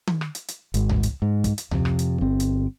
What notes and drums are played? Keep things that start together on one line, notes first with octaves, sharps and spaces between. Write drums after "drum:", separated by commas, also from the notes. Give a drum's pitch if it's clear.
drum: tom D#3
drum: rim click
drum: hi-hat
drum: hi-hat
G#1 G#2, drum: hi-hat
drum: tom C#2
drum: hi-hat
G#2
drum: kick, hi-hat
drum: hi-hat
F2 C3, drum: tom C#2
drum: rim click
drum: hi-hat
G1 C4
drum: hi-hat